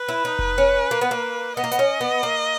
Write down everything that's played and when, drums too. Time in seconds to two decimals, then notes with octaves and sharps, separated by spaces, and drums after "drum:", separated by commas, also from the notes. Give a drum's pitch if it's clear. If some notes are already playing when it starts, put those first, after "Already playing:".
Already playing: B4
0.09 E4
0.25 D#4
0.39 drum: kick F1
0.58 C#4
0.91 A#3
1.01 B3
1.11 A#3
1.56 B3 D#5
1.64 A#3
1.72 B3, drum: hi-hat
1.79 C#4
2.01 B3
2.23 A#3